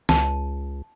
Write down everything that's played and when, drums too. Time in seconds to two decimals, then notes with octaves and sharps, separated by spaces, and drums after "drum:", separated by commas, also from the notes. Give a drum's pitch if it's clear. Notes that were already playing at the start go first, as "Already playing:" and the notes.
0.09 C#2 A5, drum: snare